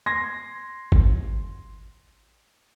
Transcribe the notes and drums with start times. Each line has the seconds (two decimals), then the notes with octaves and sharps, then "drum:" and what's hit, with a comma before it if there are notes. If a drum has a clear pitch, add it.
0.06 C6 G#6 A#6
0.92 drum: kick